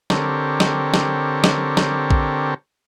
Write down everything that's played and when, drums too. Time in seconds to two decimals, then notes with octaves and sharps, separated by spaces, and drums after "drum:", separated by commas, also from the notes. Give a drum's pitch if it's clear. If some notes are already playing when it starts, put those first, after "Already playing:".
0.10 D3 C4 G4 A4 A#4 C#5, drum: snare
0.60 drum: snare
0.94 drum: snare
1.44 drum: snare
1.77 drum: snare
2.11 drum: kick A#1